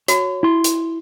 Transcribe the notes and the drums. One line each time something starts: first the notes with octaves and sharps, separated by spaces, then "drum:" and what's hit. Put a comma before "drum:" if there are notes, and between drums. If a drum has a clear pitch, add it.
F#4 C#5, drum: hi-hat
E4 C6
drum: hi-hat